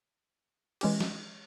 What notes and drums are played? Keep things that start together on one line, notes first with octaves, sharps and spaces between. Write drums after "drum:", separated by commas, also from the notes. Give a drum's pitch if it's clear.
E3 G#3 C#4 G4, drum: cymbal
drum: snare